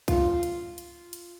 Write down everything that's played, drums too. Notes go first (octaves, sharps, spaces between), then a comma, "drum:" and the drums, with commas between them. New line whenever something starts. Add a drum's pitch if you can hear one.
F4, drum: kick C2, hi-hat
drum: hi-hat
drum: hi-hat
drum: hi-hat